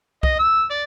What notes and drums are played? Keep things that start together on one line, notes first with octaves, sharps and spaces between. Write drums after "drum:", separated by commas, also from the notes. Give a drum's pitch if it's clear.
D#5, drum: kick C2
E6
D5